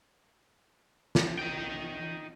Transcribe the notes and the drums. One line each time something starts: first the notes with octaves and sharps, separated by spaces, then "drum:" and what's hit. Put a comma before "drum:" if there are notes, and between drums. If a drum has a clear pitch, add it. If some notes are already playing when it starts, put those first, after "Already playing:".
drum: snare
D#4 G5